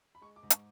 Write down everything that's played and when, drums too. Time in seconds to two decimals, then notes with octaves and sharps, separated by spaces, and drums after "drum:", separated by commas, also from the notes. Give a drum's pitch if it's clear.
0.15 B5
0.21 G#3 C#6
0.36 D6
0.43 G#2
0.50 C#6, drum: hi-hat